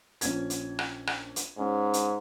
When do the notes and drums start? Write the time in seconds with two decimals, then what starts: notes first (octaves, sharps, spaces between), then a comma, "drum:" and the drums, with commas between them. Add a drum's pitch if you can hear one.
0.21 A#1 C#4 G#6, drum: hi-hat
0.50 drum: hi-hat
0.79 drum: rim click
1.07 drum: rim click
1.36 drum: hi-hat
1.58 G#2 C#4
1.94 drum: hi-hat